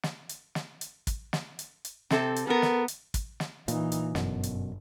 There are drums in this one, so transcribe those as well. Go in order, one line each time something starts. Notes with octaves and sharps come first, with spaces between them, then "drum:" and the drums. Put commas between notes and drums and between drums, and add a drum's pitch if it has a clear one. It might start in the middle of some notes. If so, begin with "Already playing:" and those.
drum: snare
drum: hi-hat
drum: snare
drum: hi-hat
drum: kick, hi-hat
drum: snare
drum: hi-hat
drum: hi-hat
C3 C4 A4, drum: snare
drum: hi-hat
B3 A4 A#4
drum: snare
drum: hi-hat
drum: kick, hi-hat
drum: snare
A#2 E3 D#4, drum: hi-hat
drum: hi-hat
G1 F#2 B2, drum: snare
drum: hi-hat